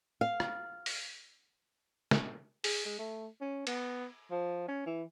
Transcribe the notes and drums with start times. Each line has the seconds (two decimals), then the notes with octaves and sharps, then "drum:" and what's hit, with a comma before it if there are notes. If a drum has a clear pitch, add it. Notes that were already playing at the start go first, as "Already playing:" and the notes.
0.21 F5
0.40 drum: rim click
0.86 drum: open hi-hat
2.11 drum: snare
2.64 G#4, drum: open hi-hat
2.86 G#3
2.99 A3
3.41 C#4
3.67 B3, drum: cymbal
4.31 F3
4.68 C#4
4.86 E3